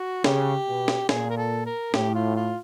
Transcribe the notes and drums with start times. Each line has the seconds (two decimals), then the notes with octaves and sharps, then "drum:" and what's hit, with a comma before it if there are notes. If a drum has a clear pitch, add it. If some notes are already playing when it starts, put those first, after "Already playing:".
Already playing: F#4
0.24 C#3 G4, drum: snare
0.67 B2
0.88 drum: snare
1.09 A#2 G#4, drum: snare
1.30 A#4
1.37 A4
1.66 A#4
1.94 A2 G4, drum: snare
2.15 F4
2.36 F4